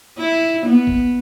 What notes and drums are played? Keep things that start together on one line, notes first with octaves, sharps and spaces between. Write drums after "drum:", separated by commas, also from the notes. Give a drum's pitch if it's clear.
E4
B3
drum: kick A1